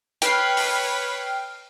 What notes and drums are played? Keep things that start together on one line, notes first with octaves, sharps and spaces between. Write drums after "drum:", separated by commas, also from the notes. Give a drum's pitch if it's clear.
B4 C#5 G5 F6 C7, drum: hi-hat
drum: open hi-hat